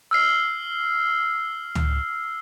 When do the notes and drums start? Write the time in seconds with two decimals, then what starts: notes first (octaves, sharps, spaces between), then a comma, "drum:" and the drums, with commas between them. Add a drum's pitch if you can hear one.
0.11 E6 F6 C7
1.75 drum: tom C#2